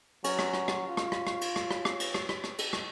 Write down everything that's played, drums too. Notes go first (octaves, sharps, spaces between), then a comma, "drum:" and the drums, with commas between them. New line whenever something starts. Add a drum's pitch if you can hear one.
F#3 C#4, drum: cymbal
drum: rim click
drum: rim click
drum: rim click
F4
drum: rim click
drum: rim click
drum: rim click
drum: cymbal
drum: rim click
drum: rim click
drum: rim click
drum: cymbal
drum: rim click
drum: rim click
drum: rim click
drum: cymbal
drum: rim click